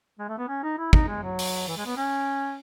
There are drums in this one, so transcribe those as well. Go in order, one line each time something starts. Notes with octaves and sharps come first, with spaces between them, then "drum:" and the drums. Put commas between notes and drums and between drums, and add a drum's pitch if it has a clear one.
G#3
A3
B3
C#4
D#4
E4
D#4, drum: kick
G#3
F#3
drum: open hi-hat
E3
G#3
B3
C#4